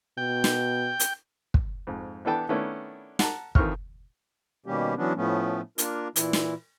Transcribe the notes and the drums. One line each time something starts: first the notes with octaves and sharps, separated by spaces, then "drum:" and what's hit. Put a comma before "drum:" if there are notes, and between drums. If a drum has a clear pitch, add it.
B2 G5
drum: snare
drum: hi-hat
drum: kick
F2 G#2
E3 B3 D4 A4 G5 A5
D#3 A3 B3 C#4 D4 E4
F#5 A5 A#5, drum: snare
F2 D#3 E3 C5 C#6 F6, drum: kick
B2 D#3 G3 A#3 C#4 G4
E3 F#3 B3 C#4 D4
A2 F3 A3 B3 C#4
A#3 D4 F4 A#4, drum: hi-hat
A#2 E3 E4, drum: hi-hat
drum: snare